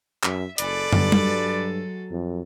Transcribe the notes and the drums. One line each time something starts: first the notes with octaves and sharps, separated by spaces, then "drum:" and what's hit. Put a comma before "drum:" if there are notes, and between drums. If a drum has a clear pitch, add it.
F#2 E5, drum: clap
F#1 G#3 A4 B4 D5, drum: hi-hat
G2 F#3, drum: tom
drum: tom G3
F2